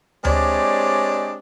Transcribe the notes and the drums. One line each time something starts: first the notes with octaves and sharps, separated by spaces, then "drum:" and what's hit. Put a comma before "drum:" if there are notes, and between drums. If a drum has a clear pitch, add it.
G#3 C4 D4 G4 C#5 D5, drum: tom D2